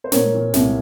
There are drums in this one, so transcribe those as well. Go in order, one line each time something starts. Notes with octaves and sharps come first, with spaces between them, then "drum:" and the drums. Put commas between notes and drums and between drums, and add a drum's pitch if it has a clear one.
C5
A#2 A#4 C#5, drum: snare
A#2
C2, drum: snare